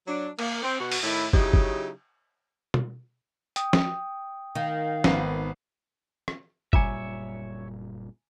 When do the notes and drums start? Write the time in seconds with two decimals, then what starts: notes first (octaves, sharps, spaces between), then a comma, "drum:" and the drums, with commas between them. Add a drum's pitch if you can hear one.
0.07 F#3 D4
0.39 A#3, drum: cymbal
0.62 C4
0.80 B2 F#4
0.92 drum: open hi-hat
1.03 A2 D#3 E4
1.33 C#3 F#3 D#4 E4 G4, drum: kick
1.53 drum: kick
2.74 drum: tom
3.56 G5 D#6, drum: hi-hat
3.73 drum: snare
4.55 D#3 F5
5.04 G#1 B3 C7, drum: snare
6.28 drum: rim click
6.73 F#1 A#2 G3 C#5 E5 G#5 A#5 D6, drum: kick